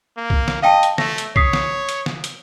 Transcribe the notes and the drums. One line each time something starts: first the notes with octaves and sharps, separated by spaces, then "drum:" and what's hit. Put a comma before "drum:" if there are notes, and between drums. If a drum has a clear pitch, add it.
A#3
drum: kick
drum: snare
D#5 F5 G5 A5
drum: hi-hat
A3 A#6, drum: snare
drum: hi-hat
C#5 D#6 B6 C7, drum: kick
drum: snare
drum: hi-hat
drum: snare
drum: hi-hat